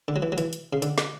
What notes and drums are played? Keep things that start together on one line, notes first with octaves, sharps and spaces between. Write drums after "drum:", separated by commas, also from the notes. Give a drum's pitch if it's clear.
D3
F#3
E3
F#3
E3, drum: hi-hat
drum: hi-hat
C#3
D3, drum: hi-hat
drum: snare